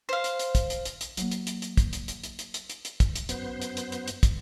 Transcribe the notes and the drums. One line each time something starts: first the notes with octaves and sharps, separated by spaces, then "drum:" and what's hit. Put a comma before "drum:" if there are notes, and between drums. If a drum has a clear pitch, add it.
C5 F5
drum: hi-hat
drum: hi-hat
drum: kick, hi-hat
drum: hi-hat
drum: hi-hat
drum: hi-hat
F#3 A#3, drum: hi-hat
drum: hi-hat
drum: hi-hat
drum: hi-hat
drum: kick, hi-hat
drum: hi-hat
drum: hi-hat
drum: hi-hat
drum: hi-hat
drum: hi-hat
drum: hi-hat
drum: hi-hat
drum: kick, hi-hat
drum: hi-hat
F#2 B3 C5, drum: hi-hat
drum: hi-hat
drum: hi-hat
drum: hi-hat
drum: hi-hat
drum: kick, hi-hat